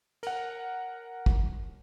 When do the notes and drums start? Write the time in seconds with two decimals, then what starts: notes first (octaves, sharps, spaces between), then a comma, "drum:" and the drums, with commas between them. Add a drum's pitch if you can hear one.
0.23 A#4 F#5, drum: cymbal
1.26 drum: kick